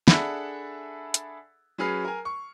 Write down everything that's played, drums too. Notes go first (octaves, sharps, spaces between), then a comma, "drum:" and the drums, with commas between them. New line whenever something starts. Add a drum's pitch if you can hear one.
D4 G#4 A4 E5 F#5 B5, drum: snare
drum: hi-hat
F#3 C#4 G#4 B4 F6 C7
A#4 G#5
C#6